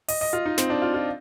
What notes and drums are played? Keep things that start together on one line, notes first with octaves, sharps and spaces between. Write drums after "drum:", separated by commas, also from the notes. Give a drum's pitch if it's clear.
D#5, drum: open hi-hat
D#5
F4
D#4
C4, drum: snare
D4
F4
F4